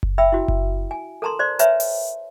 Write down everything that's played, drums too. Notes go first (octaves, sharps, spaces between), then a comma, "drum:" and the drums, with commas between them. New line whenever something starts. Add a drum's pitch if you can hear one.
drum: kick F#1
E5 G5 B5 E6
E4 F#4
drum: kick F#1
G#5
A4 A#4 A5 A#5 C6
C5 D5 C6
B4 C#5 E5 G#5 A#5, drum: hi-hat
drum: open hi-hat